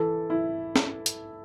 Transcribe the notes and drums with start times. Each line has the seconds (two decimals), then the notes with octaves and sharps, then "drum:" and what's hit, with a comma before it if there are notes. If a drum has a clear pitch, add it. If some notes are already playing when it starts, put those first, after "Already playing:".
Already playing: E3 A4
0.30 E4
0.76 drum: snare
1.06 drum: hi-hat